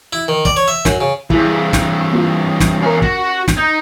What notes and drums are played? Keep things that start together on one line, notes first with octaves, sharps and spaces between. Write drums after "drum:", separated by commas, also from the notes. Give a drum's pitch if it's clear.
E4
D#3
D5, drum: kick
C#5
E5
F#2, drum: snare
C#3
G2 E3 E4 G#4, drum: kick
drum: snare
A#3 F4
drum: snare
E2 C#4 A#4 F5
F#4, drum: kick
drum: snare
D#4 G6